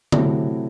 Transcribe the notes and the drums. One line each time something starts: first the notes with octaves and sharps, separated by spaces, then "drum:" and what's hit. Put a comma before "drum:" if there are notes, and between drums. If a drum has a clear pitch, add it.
C3 F#3 A3 E4, drum: tom D3